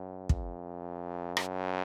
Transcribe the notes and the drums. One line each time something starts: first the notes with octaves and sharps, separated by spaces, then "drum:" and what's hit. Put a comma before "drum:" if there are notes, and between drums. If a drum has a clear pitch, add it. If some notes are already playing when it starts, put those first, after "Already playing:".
Already playing: F#2
F2, drum: kick
F#2, drum: rim click